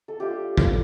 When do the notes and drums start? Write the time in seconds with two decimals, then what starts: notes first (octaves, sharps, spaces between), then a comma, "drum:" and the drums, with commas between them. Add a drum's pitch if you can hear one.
0.08 A4
0.19 A3 D4 F4 G4
0.57 drum: kick